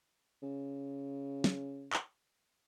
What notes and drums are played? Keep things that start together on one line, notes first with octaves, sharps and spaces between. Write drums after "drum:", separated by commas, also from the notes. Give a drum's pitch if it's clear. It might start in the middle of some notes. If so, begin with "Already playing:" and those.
C#3
drum: snare
drum: clap